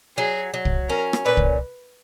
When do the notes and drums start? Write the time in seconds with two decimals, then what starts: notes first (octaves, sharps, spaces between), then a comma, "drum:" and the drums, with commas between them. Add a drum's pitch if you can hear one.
0.17 F#3 G#4
0.54 F#3
0.65 drum: kick
0.89 C#4 A#4
1.13 drum: rim click
1.25 A#2 B4
1.37 drum: kick